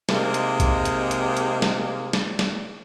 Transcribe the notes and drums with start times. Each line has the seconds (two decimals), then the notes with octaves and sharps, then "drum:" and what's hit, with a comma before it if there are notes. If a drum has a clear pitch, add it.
0.09 C3 G#3 A#3 D#4, drum: snare
0.34 drum: hi-hat
0.60 drum: kick B1, hi-hat
0.85 drum: hi-hat
1.11 drum: hi-hat
1.37 drum: hi-hat
1.62 drum: snare
2.13 drum: snare
2.39 drum: snare